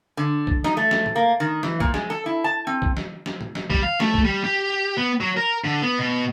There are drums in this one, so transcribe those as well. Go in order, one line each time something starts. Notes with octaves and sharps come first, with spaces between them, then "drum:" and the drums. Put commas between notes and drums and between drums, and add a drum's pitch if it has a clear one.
D3
drum: kick
D#4, drum: snare
A3
drum: snare
drum: tom
A#3
D#3
E3, drum: snare
A#2, drum: kick
G#3, drum: snare
A4
E4
A5
C4
drum: kick
drum: snare
drum: snare
drum: tom
drum: snare
G3, drum: kick
F5
A3, drum: snare
drum: kick
G3
G4
B3
F#3
A#4
D3
B3
B2